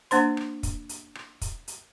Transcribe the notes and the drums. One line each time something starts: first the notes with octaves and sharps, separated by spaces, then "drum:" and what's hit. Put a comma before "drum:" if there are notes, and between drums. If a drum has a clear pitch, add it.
A#3 D4 C5 C6, drum: hi-hat
drum: rim click
drum: kick, hi-hat
drum: hi-hat
drum: rim click
drum: kick, hi-hat
drum: hi-hat